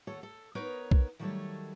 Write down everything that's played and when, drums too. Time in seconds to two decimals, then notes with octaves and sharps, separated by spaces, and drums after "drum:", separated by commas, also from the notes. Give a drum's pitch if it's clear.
0.07 D#2 A4 C#5 F#5
0.23 A4
0.55 B3 D#4 A#4 B4 C#5
0.91 drum: kick B1
1.19 D#3 F#3 G3 A3 A4 C#5